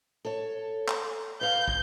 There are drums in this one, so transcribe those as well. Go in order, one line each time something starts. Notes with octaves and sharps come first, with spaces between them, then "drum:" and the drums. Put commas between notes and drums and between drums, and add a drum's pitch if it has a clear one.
A4 C#5
drum: clap
B4 F5 G6
drum: kick